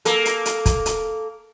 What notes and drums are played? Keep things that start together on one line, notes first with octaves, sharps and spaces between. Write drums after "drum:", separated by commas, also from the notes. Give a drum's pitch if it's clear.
A#3 A4, drum: hi-hat
drum: hi-hat
drum: hi-hat
drum: kick, hi-hat
drum: hi-hat